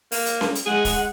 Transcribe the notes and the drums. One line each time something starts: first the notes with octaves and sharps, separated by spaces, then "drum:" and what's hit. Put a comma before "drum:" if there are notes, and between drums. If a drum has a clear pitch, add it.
A#3, drum: open hi-hat
drum: hi-hat
drum: snare C#4
drum: hi-hat
G#3 G#4 F#5
drum: kick, open hi-hat